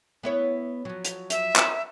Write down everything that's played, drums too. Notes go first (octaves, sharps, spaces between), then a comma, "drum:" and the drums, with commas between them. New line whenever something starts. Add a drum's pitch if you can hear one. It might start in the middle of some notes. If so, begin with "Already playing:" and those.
B3 E4 C#5
F3 F#3
drum: hi-hat
E5, drum: hi-hat
drum: clap